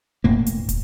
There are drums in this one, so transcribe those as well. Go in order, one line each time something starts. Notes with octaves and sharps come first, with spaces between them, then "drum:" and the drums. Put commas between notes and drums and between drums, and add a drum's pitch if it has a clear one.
E1 A2 A#3
drum: hi-hat
drum: kick, hi-hat